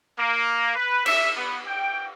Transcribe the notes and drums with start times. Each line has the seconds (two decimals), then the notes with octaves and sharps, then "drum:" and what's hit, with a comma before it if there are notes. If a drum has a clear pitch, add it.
0.18 A#3
0.75 B4
1.06 E5, drum: cymbal
1.37 B3
1.66 G5